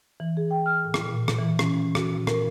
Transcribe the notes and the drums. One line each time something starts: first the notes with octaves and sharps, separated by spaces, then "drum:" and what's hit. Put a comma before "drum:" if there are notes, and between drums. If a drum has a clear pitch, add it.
E3
G#4
G5
F6
A2
drum: rim click
A#2
drum: rim click
E3
C#4, drum: rim click
E3
F#4, drum: rim click
A#2
A#4, drum: rim click